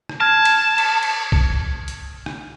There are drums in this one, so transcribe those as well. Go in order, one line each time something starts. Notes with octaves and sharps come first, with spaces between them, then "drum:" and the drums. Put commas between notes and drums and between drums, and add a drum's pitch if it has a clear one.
drum: rim click
A5 F6 G#6
drum: cymbal
drum: cymbal
drum: cymbal
drum: kick
drum: hi-hat
drum: rim click